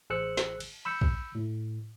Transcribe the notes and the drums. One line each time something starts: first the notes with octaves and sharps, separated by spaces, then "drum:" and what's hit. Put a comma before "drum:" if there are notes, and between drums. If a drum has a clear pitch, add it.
A1 G#4 C5 E6 F#6 C#7
drum: snare
drum: cymbal
B5 E6 G6 C#7
drum: kick
A2